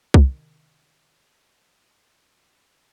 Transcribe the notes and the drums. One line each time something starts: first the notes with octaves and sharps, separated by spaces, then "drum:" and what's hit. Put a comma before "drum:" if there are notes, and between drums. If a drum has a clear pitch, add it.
C3 D#3, drum: kick C2